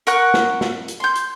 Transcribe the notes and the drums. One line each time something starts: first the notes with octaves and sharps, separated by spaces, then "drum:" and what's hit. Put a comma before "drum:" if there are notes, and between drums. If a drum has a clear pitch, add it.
A#4 F#5 C#6 F#6, drum: hi-hat
drum: snare
drum: snare
drum: hi-hat
C6 G6
drum: hi-hat